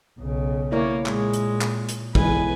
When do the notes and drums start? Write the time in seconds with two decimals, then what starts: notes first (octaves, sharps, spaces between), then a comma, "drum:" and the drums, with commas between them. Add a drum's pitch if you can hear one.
0.19 B1 C#3
0.72 A#3 E4 C#5 D5
1.06 A#2 G#3, drum: clap
1.33 drum: hi-hat
1.61 drum: clap
1.89 drum: hi-hat
2.15 B1 E3 G#3 B4 G#5, drum: kick